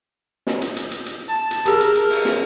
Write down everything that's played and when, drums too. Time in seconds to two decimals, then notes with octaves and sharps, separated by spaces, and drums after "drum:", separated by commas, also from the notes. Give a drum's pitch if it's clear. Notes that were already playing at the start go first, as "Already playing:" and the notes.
0.47 drum: snare
0.61 drum: hi-hat
0.76 drum: hi-hat
0.91 drum: hi-hat
1.06 drum: hi-hat
1.29 A5
1.51 drum: hi-hat
1.66 G4 G#4 A#4, drum: hi-hat
1.80 drum: hi-hat
1.95 drum: hi-hat
2.10 drum: open hi-hat
2.25 drum: snare